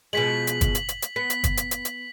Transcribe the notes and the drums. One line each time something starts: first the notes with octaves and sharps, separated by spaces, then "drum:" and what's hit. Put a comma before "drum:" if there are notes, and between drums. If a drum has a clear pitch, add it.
B2 F3 G#3 B6 F#7
drum: hi-hat
drum: kick, hi-hat
drum: hi-hat
drum: hi-hat
drum: hi-hat
B3 B6
drum: hi-hat
drum: kick, hi-hat
drum: hi-hat
drum: hi-hat
drum: hi-hat